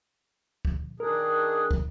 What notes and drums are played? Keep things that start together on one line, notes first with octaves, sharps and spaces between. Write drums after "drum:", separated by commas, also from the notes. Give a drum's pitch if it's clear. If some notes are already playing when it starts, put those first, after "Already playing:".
drum: kick
D#3 D4 G#4 A#4
drum: kick